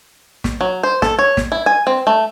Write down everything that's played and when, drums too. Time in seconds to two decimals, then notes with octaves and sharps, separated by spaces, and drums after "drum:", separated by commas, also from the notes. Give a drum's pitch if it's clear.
0.44 drum: snare
0.61 F#3
0.83 C5
1.02 A4, drum: snare
1.19 C#5
1.37 drum: snare
1.52 E4
1.66 G#5
1.87 C4
2.07 A3